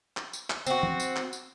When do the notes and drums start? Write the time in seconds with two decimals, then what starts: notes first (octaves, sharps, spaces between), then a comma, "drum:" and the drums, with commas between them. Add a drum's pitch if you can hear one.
0.17 drum: clap
0.33 drum: tambourine
0.50 drum: clap
0.67 C4 F#4, drum: tambourine
0.83 drum: tom
1.00 drum: tambourine
1.16 drum: clap
1.33 drum: tambourine